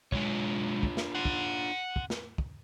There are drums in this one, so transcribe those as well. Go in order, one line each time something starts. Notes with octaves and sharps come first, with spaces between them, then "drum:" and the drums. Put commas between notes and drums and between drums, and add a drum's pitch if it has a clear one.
B1 G#3 D4 F4 C#5, drum: kick
drum: kick
drum: snare
F#5 C6
drum: kick
drum: kick
drum: snare
drum: kick